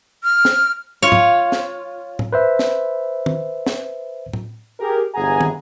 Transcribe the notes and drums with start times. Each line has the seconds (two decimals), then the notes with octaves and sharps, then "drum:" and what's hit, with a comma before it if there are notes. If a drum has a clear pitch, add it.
0.24 F6
0.45 drum: snare
1.02 F4 C#5
1.12 drum: tom
1.52 drum: snare
2.19 drum: tom A2
2.33 B4 C5 E5
2.59 drum: snare
3.26 drum: tom
3.66 drum: snare
4.33 drum: tom A2
4.80 G4 G#4 A#4
5.15 G1 E3 G#4 F#5 G#5 A#5
5.41 drum: tom